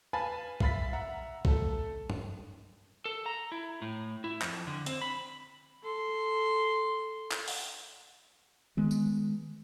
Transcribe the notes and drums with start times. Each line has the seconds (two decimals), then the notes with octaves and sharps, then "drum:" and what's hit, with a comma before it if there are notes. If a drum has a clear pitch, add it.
0.13 B4 F5 G#5 A5 B5 A6
0.60 E5 F5 B5 A6 B6, drum: kick A#1
0.93 E5 F#5 A#5
1.45 A3 A4, drum: kick A#1
2.10 drum: tom
3.05 A4
3.26 A#5
3.52 E4
3.82 A2
4.24 E4
4.42 F2, drum: clap
4.67 D3
4.86 C4, drum: hi-hat
5.02 B5
5.83 A4 C6
7.32 drum: clap
7.48 drum: open hi-hat
8.77 D#3 G#3 B3
8.91 drum: tambourine